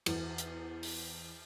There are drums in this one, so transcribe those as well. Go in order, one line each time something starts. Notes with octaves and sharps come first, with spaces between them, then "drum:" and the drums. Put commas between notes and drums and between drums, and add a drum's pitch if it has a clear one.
E2, drum: cymbal
drum: hi-hat
drum: open hi-hat